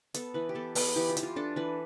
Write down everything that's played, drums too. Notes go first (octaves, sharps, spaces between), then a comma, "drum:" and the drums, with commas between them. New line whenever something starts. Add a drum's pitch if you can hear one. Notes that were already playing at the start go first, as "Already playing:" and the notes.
B3 A4, drum: hi-hat
E3 B4
G4
B3 A4
B3 B4, drum: open hi-hat
E3 G4
F4
E3, drum: hi-hat
F4
D4 A4
E3 B4